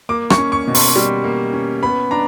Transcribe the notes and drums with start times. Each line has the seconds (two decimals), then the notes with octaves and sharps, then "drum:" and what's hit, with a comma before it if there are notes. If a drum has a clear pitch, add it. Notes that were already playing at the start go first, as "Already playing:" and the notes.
0.09 A#3 D6
0.30 C#6, drum: rim click
0.38 C#4
0.52 C#6
0.67 B2
0.75 C6, drum: open hi-hat
0.96 G3
1.24 A#3
1.53 C#4
1.83 B3 B5
2.11 D4 A#5